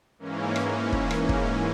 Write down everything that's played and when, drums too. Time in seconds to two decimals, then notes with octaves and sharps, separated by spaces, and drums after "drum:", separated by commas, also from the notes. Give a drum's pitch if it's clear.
0.18 G#2 E3 A#3 C#4
0.56 drum: rim click
0.92 drum: kick
1.11 drum: rim click
1.29 drum: kick